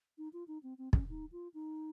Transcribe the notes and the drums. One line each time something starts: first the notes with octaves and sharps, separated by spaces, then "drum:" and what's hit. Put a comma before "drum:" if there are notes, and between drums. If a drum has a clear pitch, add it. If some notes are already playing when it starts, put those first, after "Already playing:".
D#4
F4
D#4
C4
C4
C#4, drum: kick
D#4
F4
D#4